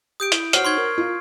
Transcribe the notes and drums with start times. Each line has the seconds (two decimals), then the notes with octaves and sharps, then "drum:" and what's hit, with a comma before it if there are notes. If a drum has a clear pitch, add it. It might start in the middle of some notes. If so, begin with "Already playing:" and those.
0.20 G4 D#6 G6 D7
0.32 E4, drum: hi-hat
0.53 F#4 C5 C#5 F6 C7, drum: hi-hat
0.65 D#4 C6 C#6 G#6
0.78 A#4
0.98 F4